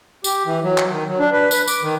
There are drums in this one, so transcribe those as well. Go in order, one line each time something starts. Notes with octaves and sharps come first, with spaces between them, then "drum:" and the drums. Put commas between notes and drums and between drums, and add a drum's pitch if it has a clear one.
G4, drum: tambourine
E3
F#3
drum: clap
D#3
F#3
D4
B4
B4, drum: tambourine
D6, drum: tambourine
D#3